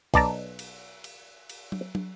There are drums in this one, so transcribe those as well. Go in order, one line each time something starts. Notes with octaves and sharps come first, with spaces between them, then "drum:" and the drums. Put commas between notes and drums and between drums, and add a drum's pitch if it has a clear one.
B1 D5 A5 A#5, drum: kick C2, cymbal
drum: cymbal
drum: cymbal
drum: cymbal
drum: tom
drum: tom